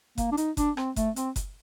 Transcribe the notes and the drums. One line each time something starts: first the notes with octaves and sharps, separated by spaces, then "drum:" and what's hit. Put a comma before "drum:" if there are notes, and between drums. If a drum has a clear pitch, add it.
A#3, drum: kick F#1, hi-hat
D4
D#4, drum: hi-hat
D4, drum: kick F#1, hi-hat
C4, drum: rim click
A3, drum: kick F#1, hi-hat
C4, drum: hi-hat
drum: kick F#1, hi-hat